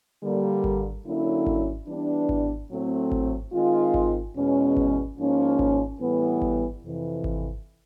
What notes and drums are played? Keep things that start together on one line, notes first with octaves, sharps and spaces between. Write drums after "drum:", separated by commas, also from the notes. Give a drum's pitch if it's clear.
D3 G3 A#3
drum: kick G#1
D3 F#3 A#3 C#4 E4
drum: kick G#1
E3 G3 B3 D4
drum: kick G#1
A2 F#3 A3 C4
drum: kick G#1
D#3 G#3 C4 F4
drum: kick G#1
E2 B2 G#3 C#4
drum: kick G#1
G#2 F3 A#3 C#4
drum: kick G#1
A2 E3 G3 B3
drum: kick G#1
F2 C3 E3
drum: kick G#1